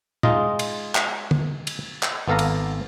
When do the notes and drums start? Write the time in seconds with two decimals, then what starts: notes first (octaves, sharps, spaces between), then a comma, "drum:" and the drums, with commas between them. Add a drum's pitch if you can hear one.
0.23 G#3 D#4 F4 D#5, drum: tom
0.59 drum: cymbal
0.95 drum: clap
1.31 drum: tom
1.67 drum: cymbal
2.03 drum: clap
2.28 G#1 B3 A4 F5 A#5
2.39 drum: cymbal